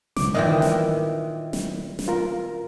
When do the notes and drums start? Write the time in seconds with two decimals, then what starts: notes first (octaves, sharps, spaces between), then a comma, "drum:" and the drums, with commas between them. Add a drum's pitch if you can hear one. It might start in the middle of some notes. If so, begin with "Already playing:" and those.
0.16 C#2 D6, drum: snare
0.35 A#2 D#3 E3 D#5 E5 G5
0.62 drum: snare
1.53 drum: snare
1.99 drum: snare
2.08 F4 A#4